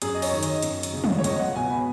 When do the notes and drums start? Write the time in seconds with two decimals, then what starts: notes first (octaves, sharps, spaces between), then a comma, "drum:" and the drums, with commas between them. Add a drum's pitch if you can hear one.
0.02 F#2 G#4, drum: hi-hat
0.15 D#5
0.22 C#5, drum: open hi-hat
0.33 D#3
0.43 D#5, drum: hi-hat
0.62 F#2, drum: hi-hat
0.83 drum: hi-hat
0.93 C#3
1.04 drum: tom
1.18 C#5
1.24 C#2 D#5, drum: hi-hat
1.39 F#5
1.55 B2 G#5
1.70 B5